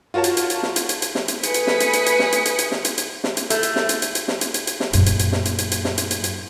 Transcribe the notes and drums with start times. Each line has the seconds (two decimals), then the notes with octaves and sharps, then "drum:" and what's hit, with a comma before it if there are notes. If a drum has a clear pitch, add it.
0.14 F4 F#4 A#4 C#5 A5
0.24 drum: hi-hat
0.37 drum: hi-hat
0.50 drum: hi-hat
0.63 drum: snare
0.76 drum: hi-hat
0.89 drum: hi-hat
1.02 drum: hi-hat
1.15 drum: snare
1.28 drum: hi-hat
1.43 A3 B4 G#5 D#6 B6 C#7, drum: hi-hat
1.54 drum: hi-hat
1.67 drum: snare
1.80 drum: hi-hat
1.93 drum: hi-hat
2.06 drum: hi-hat
2.19 drum: snare
2.32 drum: hi-hat
2.45 drum: hi-hat
2.59 drum: hi-hat
2.72 drum: snare
2.85 drum: hi-hat
2.98 drum: hi-hat
3.24 drum: snare
3.37 drum: hi-hat
3.50 A3, drum: hi-hat
3.63 drum: hi-hat
3.76 drum: snare
3.89 drum: hi-hat
4.02 drum: hi-hat
4.15 drum: hi-hat
4.28 drum: snare
4.41 drum: hi-hat
4.54 drum: hi-hat
4.67 drum: hi-hat
4.80 drum: snare
4.93 F#2 A#2, drum: hi-hat
5.06 drum: hi-hat
5.19 drum: hi-hat
5.32 drum: snare
5.45 drum: hi-hat
5.58 drum: hi-hat
5.72 drum: hi-hat
5.85 drum: snare
5.98 drum: hi-hat
6.11 drum: hi-hat
6.24 drum: hi-hat